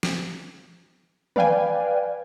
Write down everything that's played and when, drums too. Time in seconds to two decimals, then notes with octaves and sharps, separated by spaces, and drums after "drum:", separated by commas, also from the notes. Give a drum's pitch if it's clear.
0.03 drum: snare
1.36 B4 D5 F5 G5 G#5, drum: tom D#3